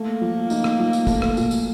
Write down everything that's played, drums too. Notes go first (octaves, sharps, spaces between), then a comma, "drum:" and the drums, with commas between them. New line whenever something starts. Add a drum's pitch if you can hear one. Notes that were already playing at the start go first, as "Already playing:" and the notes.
Already playing: A3 A#3
F3
D#4, drum: tambourine
drum: rim click
F3
drum: tambourine
A3, drum: kick, tambourine
drum: rim click
A#2, drum: tambourine
drum: tambourine